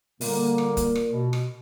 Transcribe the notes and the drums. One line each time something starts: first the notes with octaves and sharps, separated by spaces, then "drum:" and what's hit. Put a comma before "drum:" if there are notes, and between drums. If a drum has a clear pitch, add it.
A#2 D3 G3 A#3, drum: open hi-hat
drum: rim click
drum: kick, hi-hat
drum: rim click
B2
drum: rim click